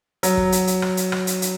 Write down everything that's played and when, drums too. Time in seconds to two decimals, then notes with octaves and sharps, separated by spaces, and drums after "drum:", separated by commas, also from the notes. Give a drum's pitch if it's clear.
0.23 F#3, drum: hi-hat
0.37 drum: kick
0.52 drum: hi-hat
0.67 drum: hi-hat
0.82 drum: rim click
0.97 drum: hi-hat
1.12 drum: rim click
1.27 drum: hi-hat
1.42 drum: hi-hat